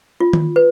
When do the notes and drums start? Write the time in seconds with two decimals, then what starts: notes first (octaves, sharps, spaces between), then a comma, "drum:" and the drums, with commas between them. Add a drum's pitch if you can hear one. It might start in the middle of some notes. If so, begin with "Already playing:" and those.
0.20 F4
0.33 drum: tom D#3
0.56 B4